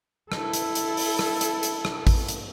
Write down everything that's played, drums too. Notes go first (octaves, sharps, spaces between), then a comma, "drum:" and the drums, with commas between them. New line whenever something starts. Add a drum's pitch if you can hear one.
E4 A4, drum: rim click
drum: hi-hat
drum: hi-hat
drum: open hi-hat
drum: rim click
drum: hi-hat
drum: hi-hat
drum: rim click
drum: kick A1, open hi-hat
drum: hi-hat